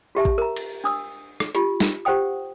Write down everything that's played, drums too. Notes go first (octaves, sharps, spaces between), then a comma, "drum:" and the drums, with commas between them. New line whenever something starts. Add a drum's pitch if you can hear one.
F#4 G4 E5 A5
drum: kick A1
A#4 A#5
drum: cymbal
D4 D#6 E6
drum: rim click
F4 G4, drum: hi-hat
drum: snare
G4 C5 F#5 G5 D#6